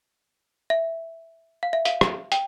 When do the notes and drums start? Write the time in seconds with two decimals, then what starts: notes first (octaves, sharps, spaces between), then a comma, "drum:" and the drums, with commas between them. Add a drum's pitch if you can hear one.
0.70 E5
1.63 F5
1.73 E5
1.85 F5, drum: hi-hat
2.01 drum: rim click
2.32 G5, drum: hi-hat